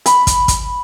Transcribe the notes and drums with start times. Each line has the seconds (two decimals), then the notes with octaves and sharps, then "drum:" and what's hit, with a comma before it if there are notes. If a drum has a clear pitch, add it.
0.06 B5, drum: hi-hat
0.27 drum: kick, hi-hat
0.48 drum: kick, hi-hat